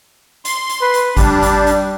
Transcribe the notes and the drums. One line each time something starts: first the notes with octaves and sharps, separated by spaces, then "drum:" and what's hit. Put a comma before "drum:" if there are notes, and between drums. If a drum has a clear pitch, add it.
C6, drum: hi-hat
drum: hi-hat
B4
drum: hi-hat
G3 D4, drum: kick G#1, hi-hat
drum: hi-hat
drum: hi-hat